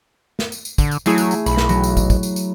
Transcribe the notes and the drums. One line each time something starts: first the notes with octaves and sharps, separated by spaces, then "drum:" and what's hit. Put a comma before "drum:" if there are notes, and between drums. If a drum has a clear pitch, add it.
drum: snare
drum: tambourine
drum: tambourine
D3, drum: kick, tambourine
drum: tambourine
F#3 A3 E4 G#4, drum: tambourine
drum: tambourine
drum: tambourine
B1 B5, drum: tambourine
drum: snare
F#3, drum: tambourine
drum: tambourine
drum: kick, tambourine
drum: kick, tambourine
drum: tambourine
drum: tambourine